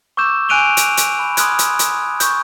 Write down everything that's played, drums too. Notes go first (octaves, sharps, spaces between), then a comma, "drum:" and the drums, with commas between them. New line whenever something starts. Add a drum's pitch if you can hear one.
C#6 D6 E6 G6 E7
G#5 F#6 D7 D#7 F7 G7
drum: hi-hat
drum: hi-hat
B5
C6 D#6 F6 F#6 G#6, drum: hi-hat
drum: hi-hat
drum: hi-hat
C#6 G6, drum: hi-hat